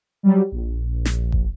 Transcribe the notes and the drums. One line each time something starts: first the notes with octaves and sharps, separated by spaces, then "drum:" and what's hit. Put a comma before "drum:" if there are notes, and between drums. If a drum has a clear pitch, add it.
F#3 G3
A#1
drum: snare
drum: kick F#1